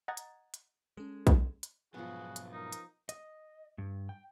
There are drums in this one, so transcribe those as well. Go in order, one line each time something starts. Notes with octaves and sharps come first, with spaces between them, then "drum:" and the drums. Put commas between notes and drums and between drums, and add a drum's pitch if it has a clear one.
D#5 F#5 A#5 G#6 A6
drum: hi-hat
drum: hi-hat
G#3 C#4 A4
drum: kick B1, hi-hat
drum: hi-hat
G#2 B2 F3 F#3 B3 F#4 G#4
drum: hi-hat
D#4 A#4
drum: hi-hat
D#5, drum: hi-hat
G2
G5